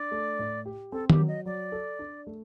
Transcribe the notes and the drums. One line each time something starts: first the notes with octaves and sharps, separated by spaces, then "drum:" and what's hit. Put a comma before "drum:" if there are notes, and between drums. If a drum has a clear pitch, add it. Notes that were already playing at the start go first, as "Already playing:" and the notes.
Already playing: D4 D5
A3
A2
G4
C4 A4
G4, drum: tom D#3
F#3
D#5
F#3 D5
A4
D4
A3